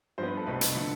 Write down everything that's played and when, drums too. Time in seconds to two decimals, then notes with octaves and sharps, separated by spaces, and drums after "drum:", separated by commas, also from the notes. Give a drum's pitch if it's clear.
0.18 G2 F3 B3 C5
0.28 B4
0.37 A4
0.46 C2 B2 A3 B4
0.61 drum: hi-hat
0.75 D3 F3 A3